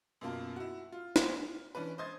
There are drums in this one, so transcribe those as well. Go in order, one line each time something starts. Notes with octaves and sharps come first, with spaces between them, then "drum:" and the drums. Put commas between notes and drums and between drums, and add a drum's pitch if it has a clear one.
F#2 B2 A#3 F4 A5
E4 F#4
F4
drum: snare
E3 C#4 D4 B4
C5 D#5 C6 D#6 G#6 A6